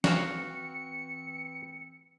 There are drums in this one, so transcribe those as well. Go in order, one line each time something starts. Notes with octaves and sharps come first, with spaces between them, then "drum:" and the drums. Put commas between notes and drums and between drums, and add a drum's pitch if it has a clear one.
E3 C4 F#4 F5 C#7, drum: snare